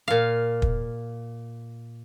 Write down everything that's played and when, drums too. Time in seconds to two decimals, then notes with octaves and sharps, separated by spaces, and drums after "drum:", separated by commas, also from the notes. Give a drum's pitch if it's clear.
0.08 A#2 F5
0.62 drum: kick